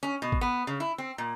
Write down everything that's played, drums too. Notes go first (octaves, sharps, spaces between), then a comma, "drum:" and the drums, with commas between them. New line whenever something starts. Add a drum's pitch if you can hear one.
C#4
B2
drum: kick G#1
B3
C#3
E4
C4
A#2